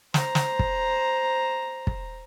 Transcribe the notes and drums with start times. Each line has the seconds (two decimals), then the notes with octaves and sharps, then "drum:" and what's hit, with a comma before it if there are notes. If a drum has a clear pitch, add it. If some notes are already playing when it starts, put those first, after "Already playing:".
0.14 C5 A#5, drum: snare
0.35 drum: snare
0.59 drum: kick
1.87 drum: kick